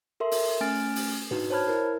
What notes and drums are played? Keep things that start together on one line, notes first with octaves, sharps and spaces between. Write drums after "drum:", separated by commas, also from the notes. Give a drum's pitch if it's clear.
A4 A#4 E5 C6
drum: open hi-hat
A3 C#4 G#5 F6 A6 D7
drum: open hi-hat
D4 D#4 F#4 B4, drum: tom G#2
C5 C#5 A5 B5 F6 G#6
E4 A#4